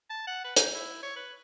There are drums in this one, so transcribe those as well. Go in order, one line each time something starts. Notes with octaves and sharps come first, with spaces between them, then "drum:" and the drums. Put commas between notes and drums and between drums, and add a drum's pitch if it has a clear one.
A5
F#5
B4
D#4, drum: hi-hat
E4
C#5
B4